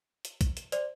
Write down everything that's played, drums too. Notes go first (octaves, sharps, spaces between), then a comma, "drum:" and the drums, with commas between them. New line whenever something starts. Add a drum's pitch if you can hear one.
drum: hi-hat
drum: kick A#1, hi-hat
drum: hi-hat
C5 D5, drum: hi-hat